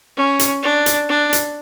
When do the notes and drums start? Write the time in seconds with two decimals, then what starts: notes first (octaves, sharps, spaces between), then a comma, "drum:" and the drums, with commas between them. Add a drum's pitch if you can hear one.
0.16 C#4
0.39 drum: hi-hat
0.63 D4
0.86 drum: hi-hat
1.09 D4
1.33 drum: hi-hat